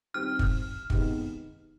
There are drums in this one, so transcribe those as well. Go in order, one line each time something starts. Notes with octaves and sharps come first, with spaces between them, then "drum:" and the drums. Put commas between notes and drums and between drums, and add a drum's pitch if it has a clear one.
D#3 G3 C4 F6
drum: kick
C3 D#3 G#3 B3 D#4, drum: kick